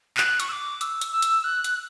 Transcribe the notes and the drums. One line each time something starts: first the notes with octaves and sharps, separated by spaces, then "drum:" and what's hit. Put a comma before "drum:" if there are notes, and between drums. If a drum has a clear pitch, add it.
F#6, drum: clap
C#6, drum: hi-hat
E6
D6
E6, drum: hi-hat
drum: hi-hat
E6
drum: hi-hat
F#6
drum: hi-hat